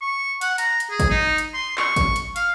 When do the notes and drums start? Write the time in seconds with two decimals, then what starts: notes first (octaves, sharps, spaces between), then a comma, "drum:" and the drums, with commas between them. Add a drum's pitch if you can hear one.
0.01 C#6
0.41 F#5, drum: hi-hat
0.58 A#5, drum: hi-hat
0.80 drum: hi-hat
0.90 G#4
1.00 drum: kick G#1, hi-hat
1.10 D#4
1.38 drum: hi-hat
1.54 C6
1.77 C#6, drum: clap
1.96 drum: kick G#1, hi-hat
2.16 drum: hi-hat
2.36 F5, drum: hi-hat